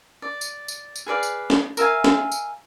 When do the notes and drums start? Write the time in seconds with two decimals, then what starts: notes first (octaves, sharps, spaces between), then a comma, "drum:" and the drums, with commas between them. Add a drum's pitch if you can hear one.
0.22 D5
0.41 drum: tambourine
0.68 drum: tambourine
0.96 drum: tambourine
1.06 G#4 B4 D5 F5
1.23 drum: tambourine
1.50 drum: snare
1.77 A#4 E5 F5 G#5, drum: tambourine
2.04 drum: snare
2.32 drum: tambourine